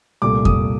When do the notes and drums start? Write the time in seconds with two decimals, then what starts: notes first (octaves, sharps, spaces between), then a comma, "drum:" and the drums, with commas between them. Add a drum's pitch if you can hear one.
0.22 C2 A#2 A3 D6
0.45 D#6, drum: kick F2